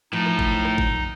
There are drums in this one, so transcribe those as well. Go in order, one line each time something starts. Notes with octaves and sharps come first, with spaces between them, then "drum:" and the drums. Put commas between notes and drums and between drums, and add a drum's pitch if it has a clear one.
A2 F3 D#4
drum: rim click
drum: kick
drum: rim click
drum: kick